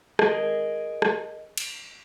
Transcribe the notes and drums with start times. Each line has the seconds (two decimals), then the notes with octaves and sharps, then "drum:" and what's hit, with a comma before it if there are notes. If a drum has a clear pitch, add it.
0.19 G#4 A#4 D#5, drum: rim click
1.02 drum: rim click
1.58 drum: cymbal